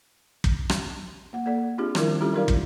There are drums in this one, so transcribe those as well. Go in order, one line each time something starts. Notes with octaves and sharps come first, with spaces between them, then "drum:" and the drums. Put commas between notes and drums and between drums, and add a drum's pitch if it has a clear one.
drum: kick
drum: rim click
A#3 F#5
A#3 A4 D5 F#5
C4 D4 F4 G4 G#4
D#3 F3 G3 E4 A#4, drum: rim click
G3 C#4 E4 F4 G4 A4
F#3 D#4 G4 A#4 D5 F5
drum: kick